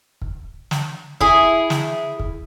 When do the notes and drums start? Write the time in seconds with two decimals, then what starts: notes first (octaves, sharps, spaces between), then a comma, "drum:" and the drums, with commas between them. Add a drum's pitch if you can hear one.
0.22 drum: kick
0.71 drum: snare
1.21 E4 G#4, drum: kick
1.70 drum: snare
2.20 drum: kick